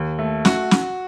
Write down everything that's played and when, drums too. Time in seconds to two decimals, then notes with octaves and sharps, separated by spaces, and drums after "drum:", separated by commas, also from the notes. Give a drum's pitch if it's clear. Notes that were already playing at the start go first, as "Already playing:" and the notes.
Already playing: D#2
0.19 A3
0.45 F#4, drum: snare
0.71 drum: snare